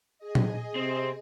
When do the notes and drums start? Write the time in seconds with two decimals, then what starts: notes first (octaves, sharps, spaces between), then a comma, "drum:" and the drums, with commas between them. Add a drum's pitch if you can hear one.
0.19 G#4 D#5
0.35 drum: tom
0.75 C3 C4